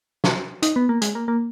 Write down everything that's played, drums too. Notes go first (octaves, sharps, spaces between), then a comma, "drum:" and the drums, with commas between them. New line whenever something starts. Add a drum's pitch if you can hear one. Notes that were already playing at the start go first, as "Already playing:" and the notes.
drum: snare
D#4, drum: hi-hat
B3
A#3
G#3, drum: hi-hat
A#3
A#3